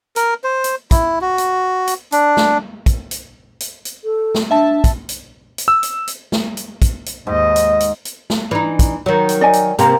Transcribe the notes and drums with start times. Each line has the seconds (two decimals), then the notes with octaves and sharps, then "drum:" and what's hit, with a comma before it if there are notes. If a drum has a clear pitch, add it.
0.16 A#4, drum: hi-hat
0.44 C5
0.64 drum: hi-hat
0.91 E4, drum: kick, hi-hat
1.21 F#4
1.38 drum: hi-hat
1.87 drum: hi-hat
2.12 D4, drum: hi-hat
2.37 drum: snare
2.86 drum: kick, hi-hat
3.11 drum: hi-hat
3.60 drum: hi-hat
3.85 drum: hi-hat
4.04 A4
4.35 drum: snare
4.51 D4 E5 A5
4.84 drum: kick, hi-hat
5.09 drum: hi-hat
5.58 drum: hi-hat
5.68 E6
5.83 drum: hi-hat
6.07 drum: hi-hat
6.32 drum: snare
6.57 drum: hi-hat
6.82 drum: kick, hi-hat
7.06 drum: hi-hat
7.27 D#2 G#2 D#5
7.56 drum: hi-hat
7.80 drum: hi-hat
8.05 drum: hi-hat
8.30 drum: snare
8.51 E3 D4 D#4
8.79 drum: kick, hi-hat
9.06 D#3 F#3
9.29 drum: hi-hat
9.41 D5 D#5 G#5
9.53 drum: hi-hat
9.79 C3 A#3 G4 A#5, drum: hi-hat